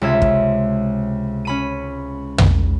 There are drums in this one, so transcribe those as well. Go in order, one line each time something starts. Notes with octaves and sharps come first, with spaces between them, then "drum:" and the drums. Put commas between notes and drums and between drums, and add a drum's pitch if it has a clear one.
C#2 C3 E5 G#6
drum: kick
C#4 B5 D#7
drum: tom